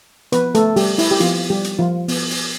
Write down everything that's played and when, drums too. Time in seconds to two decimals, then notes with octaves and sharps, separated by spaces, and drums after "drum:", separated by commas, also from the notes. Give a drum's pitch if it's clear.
0.32 F3 B3 B4, drum: hi-hat
0.55 A3 A4, drum: hi-hat
0.76 G3 G4, drum: open hi-hat
0.98 E4, drum: open hi-hat
1.11 G4
1.20 F3 B3 F4, drum: hi-hat
1.50 G3 G4
1.64 drum: hi-hat
1.79 F3 F4
2.08 F3 B3, drum: open hi-hat
2.30 drum: open hi-hat